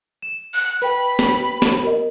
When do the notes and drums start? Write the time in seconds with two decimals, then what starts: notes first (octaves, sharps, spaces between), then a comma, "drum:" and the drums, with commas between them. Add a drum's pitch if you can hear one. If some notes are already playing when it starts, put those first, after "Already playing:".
0.22 E7
0.54 F#6
0.82 B4 G5 B5
1.19 drum: snare
1.62 drum: snare
1.83 A#4 D#5